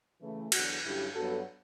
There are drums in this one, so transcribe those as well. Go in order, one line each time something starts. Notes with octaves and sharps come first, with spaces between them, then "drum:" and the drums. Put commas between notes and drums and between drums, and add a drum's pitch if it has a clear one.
C#3 E3 A3
E2 D3 F#3 B3 D4 F#4, drum: cymbal
G2 D3 F#3 C#4 E4 G4
G2 F#3 B3 F#4 A4